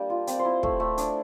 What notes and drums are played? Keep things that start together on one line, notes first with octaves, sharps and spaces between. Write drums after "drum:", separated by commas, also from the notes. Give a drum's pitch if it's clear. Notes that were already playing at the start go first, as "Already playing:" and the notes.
Already playing: G3 A#3 D4
F4
C4 D5, drum: hi-hat
C5
E4
A3, drum: kick
A3
D4, drum: hi-hat